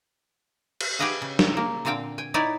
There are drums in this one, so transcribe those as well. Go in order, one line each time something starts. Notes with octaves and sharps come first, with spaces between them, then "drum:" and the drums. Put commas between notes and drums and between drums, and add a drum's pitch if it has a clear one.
drum: cymbal
G4 G#4 B4 D#5 F5 F#5
C#3
drum: snare
A#3
A#2 D3 C4 F5 G5
G5 G#5
D#4 E4 C#5 D5 F#5